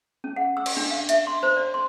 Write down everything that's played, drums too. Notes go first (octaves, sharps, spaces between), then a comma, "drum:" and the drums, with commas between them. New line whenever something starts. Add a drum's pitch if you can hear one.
C#4
F#5
E6
drum: cymbal
D4
F5
E5, drum: hi-hat
C6
C5
D5
C6